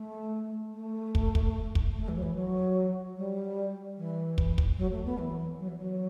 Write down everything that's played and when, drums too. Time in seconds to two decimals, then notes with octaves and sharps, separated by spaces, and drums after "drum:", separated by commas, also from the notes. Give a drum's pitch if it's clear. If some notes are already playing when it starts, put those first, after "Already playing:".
Already playing: A3
0.74 A3
1.15 drum: kick
1.35 drum: kick
1.75 drum: kick
1.96 A3
2.08 E3
2.17 F#3
2.22 E3
2.35 F#3
3.17 G3
3.97 E3
4.38 drum: kick
4.58 drum: kick
4.78 F#3
4.92 A3
5.05 B3
5.18 E3
5.59 F#3
5.68 E3
5.77 F#3